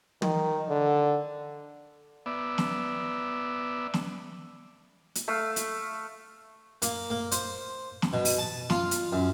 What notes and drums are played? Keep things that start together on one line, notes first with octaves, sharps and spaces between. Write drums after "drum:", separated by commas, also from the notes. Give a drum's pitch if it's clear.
D#3, drum: tom
D3
B3 D5 E5
drum: snare
drum: snare
drum: hi-hat
A3 F5
drum: hi-hat
A#3, drum: hi-hat
A#3
C5, drum: hi-hat
drum: snare
B2
drum: open hi-hat
A5
F4, drum: snare
drum: hi-hat
F#2